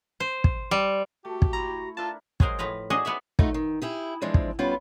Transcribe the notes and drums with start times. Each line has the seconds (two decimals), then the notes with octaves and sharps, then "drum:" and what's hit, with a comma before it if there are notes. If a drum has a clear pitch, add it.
0.20 C5
0.44 drum: kick
0.71 G3
1.25 A3 F#4 G4
1.42 drum: kick
1.53 E4 A#5
1.97 D4 F4 A#4 E5 A5
2.40 F#3 G#3 G#4 A#4 C5, drum: kick
2.59 A2 F3 B4 A#5
2.90 D4 D#4 F#4 G#4 D#5
3.05 B3 C#5 D5 E5
3.39 A3 D#4 F4 F#4, drum: kick
3.54 D#3
3.82 E4 G4 G#4
4.22 E3 F3 G#3 C4 D4
4.34 drum: kick
4.59 G3 B3 C#4 F4